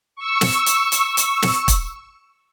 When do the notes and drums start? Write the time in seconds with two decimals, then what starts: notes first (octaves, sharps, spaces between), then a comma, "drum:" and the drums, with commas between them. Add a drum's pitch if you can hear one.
0.16 C#6 E6
0.41 drum: snare
0.66 drum: hi-hat
0.92 drum: hi-hat
1.17 drum: hi-hat
1.42 drum: snare
1.68 drum: kick, hi-hat